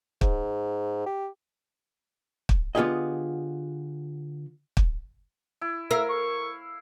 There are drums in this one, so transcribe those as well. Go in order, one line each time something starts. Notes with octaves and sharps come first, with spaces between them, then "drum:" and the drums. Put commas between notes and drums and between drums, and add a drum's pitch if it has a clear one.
G#2, drum: kick
G4
drum: kick
D3 B3 F4 G4 G#4 D#5
drum: kick
E4
E4 A#4 E5 F5
C#6